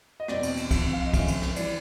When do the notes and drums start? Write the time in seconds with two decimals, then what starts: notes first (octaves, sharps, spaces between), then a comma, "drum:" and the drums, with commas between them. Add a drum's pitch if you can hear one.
0.20 D#5
0.28 E2 B2 G3 C4 D5, drum: rim click
0.43 drum: cymbal
0.57 drum: cymbal
0.71 F2 C3 F3, drum: kick, cymbal
0.93 F5
1.06 D#5
1.14 F2 C#3 F3 A3 C#4 E5, drum: kick, cymbal
1.28 drum: cymbal
1.42 drum: rim click
1.56 E3 G3 D5, drum: cymbal